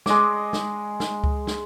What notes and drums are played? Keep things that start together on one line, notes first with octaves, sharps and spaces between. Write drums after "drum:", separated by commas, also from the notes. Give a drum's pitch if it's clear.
G#3 D#5 D6, drum: snare
drum: snare
drum: snare
drum: kick C#2
drum: snare